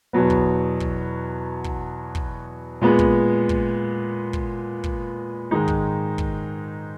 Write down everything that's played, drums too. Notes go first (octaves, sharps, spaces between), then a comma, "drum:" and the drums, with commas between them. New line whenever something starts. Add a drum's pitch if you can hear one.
E2 B2 F#3 B3
drum: kick
drum: kick
drum: kick
drum: kick
A#2 G#3 B3
drum: kick
drum: kick
drum: kick
drum: kick
G#2 D#3 G#3 D#4
drum: kick
drum: kick